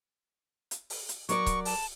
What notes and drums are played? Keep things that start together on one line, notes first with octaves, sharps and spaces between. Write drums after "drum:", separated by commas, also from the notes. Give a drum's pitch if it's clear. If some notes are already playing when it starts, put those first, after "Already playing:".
drum: hi-hat
drum: open hi-hat
drum: hi-hat
F#3 A#4 D5 C#6, drum: hi-hat
drum: kick C#1, hi-hat
A5, drum: open hi-hat